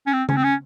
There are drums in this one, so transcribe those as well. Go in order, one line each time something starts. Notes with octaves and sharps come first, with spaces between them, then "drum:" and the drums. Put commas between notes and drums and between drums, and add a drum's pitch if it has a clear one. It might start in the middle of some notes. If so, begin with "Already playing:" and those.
C#4
C4
C#4, drum: tom C#3
C4
C#4